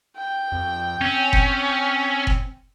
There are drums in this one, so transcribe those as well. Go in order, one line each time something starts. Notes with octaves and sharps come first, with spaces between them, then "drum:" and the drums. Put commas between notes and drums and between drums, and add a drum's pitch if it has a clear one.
G5
F2
C4 C#4
drum: kick F#1
drum: kick F#1